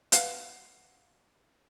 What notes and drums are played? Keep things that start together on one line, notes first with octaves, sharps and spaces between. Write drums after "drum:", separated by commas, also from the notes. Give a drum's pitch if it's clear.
B4 F5 F#5, drum: hi-hat